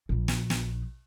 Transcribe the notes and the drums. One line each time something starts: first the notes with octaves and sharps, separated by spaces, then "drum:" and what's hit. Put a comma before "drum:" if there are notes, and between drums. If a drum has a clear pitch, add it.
A#1 F3
drum: snare
drum: snare